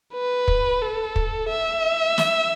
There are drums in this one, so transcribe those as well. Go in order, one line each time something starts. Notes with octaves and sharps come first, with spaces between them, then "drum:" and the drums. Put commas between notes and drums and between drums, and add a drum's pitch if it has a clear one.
B4
drum: kick
A4
drum: kick
E5
drum: snare